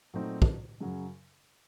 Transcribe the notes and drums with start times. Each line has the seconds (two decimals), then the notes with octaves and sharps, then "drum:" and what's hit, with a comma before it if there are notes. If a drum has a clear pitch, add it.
0.14 A#2 F#3 A3 C4 D#4
0.42 drum: kick
0.81 F#2 C#3 F#3